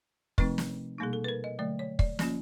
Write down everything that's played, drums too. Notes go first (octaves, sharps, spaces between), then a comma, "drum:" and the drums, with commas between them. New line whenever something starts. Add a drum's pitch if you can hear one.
C3 F3 A3 C4 D#4 B4, drum: kick
drum: snare
B2 G3 A#3 D#4 G#4
A4
B4
A#4
D#5
D3 F#3 A3 D5
C#5
D5, drum: kick
F3 A#3 C#4 F4, drum: snare